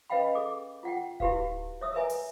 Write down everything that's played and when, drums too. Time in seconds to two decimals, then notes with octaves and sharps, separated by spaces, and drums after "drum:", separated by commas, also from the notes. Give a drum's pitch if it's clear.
0.10 C#4 B4 D#5 F5 G5 B5
0.35 G#4 A4 D6
0.83 F4 F#5 G5
1.20 E4 F#4 G4 B4 F5, drum: kick D1
1.81 C#5 E5 D#6 E6
1.94 A#4 B4 E5 G#5 A#5
2.09 drum: open hi-hat